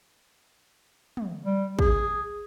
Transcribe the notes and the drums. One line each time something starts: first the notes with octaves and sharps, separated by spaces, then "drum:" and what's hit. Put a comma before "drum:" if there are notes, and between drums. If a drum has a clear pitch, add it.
drum: tom
G3
G#4, drum: kick